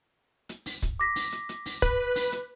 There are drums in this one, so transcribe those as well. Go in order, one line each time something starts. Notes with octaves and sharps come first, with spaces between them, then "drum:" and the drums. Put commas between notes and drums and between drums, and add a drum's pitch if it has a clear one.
drum: hi-hat
drum: open hi-hat
drum: kick, hi-hat
D6 A#6 B6
drum: open hi-hat
drum: hi-hat
drum: hi-hat
drum: open hi-hat
B4, drum: kick, hi-hat
drum: open hi-hat
drum: hi-hat